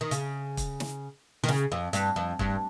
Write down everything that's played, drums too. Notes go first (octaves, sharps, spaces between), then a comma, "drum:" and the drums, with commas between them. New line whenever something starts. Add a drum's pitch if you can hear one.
D#3
C#3, drum: hi-hat
drum: kick, hi-hat
drum: snare
D#3
C#3, drum: snare
F2
G2, drum: hi-hat
F2
G2, drum: kick